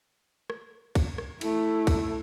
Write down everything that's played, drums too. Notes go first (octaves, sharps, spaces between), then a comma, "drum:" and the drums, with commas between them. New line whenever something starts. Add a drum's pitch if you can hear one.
drum: rim click
drum: kick, cymbal
drum: rim click
A3 E4, drum: cymbal
drum: kick, cymbal